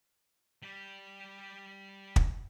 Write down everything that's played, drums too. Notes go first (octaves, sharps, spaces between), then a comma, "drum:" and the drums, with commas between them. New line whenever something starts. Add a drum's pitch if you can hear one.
G3 G4
drum: kick